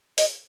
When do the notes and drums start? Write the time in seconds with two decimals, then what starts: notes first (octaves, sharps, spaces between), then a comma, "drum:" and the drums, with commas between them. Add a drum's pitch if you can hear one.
0.18 D#5, drum: open hi-hat